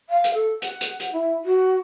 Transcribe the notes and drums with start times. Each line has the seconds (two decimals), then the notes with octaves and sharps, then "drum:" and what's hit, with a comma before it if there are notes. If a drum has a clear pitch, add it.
0.10 F5
0.24 drum: hi-hat
0.34 A4
0.62 F#5, drum: hi-hat
0.81 drum: hi-hat
1.00 drum: hi-hat
1.13 E4
1.45 F#4